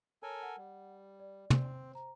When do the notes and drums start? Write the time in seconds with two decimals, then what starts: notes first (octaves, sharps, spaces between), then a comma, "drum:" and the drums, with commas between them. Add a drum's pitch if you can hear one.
0.23 A4 A#4 C#5 G#5
0.42 F#5
0.58 G3
1.20 D5
1.50 C4, drum: tom
1.92 C5 A#5